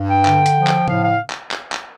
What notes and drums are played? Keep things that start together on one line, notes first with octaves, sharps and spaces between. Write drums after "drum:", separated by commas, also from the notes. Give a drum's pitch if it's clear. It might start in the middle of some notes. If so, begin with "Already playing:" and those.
Already playing: G2
G5
D3, drum: clap
drum: hi-hat
F3
drum: clap
A2 F5, drum: tom C#3
F5
drum: clap
drum: clap
drum: clap